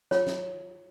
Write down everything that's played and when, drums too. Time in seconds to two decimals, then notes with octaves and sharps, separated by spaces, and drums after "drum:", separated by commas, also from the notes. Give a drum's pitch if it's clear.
0.11 F4 C#5, drum: snare
0.27 drum: snare